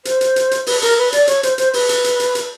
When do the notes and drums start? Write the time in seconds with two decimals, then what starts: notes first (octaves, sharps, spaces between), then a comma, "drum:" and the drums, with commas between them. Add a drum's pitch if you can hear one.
0.05 C5, drum: hi-hat
0.21 drum: hi-hat
0.36 drum: hi-hat
0.51 drum: hi-hat
0.66 B4, drum: open hi-hat
0.82 A#4, drum: hi-hat
0.98 B4
1.12 D5, drum: hi-hat
1.27 C#5, drum: hi-hat
1.43 C5, drum: hi-hat
1.58 C5, drum: hi-hat
1.73 B4, drum: open hi-hat
1.89 drum: hi-hat
2.04 drum: hi-hat
2.20 drum: hi-hat
2.35 drum: hi-hat